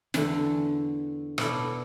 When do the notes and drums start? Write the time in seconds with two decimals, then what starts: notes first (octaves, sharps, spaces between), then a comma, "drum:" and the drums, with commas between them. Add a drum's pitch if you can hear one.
0.14 E2 D3 A3, drum: snare
1.38 B2 B3 E4 A4 D5, drum: rim click